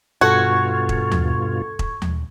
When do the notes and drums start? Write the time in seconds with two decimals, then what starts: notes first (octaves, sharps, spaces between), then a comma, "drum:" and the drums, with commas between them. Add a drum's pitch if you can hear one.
0.21 G2 B2 F4 F#4 A4 C#6 G#6
0.89 drum: kick E1
1.12 drum: tom D#2
1.79 drum: kick E1
2.02 drum: tom D#2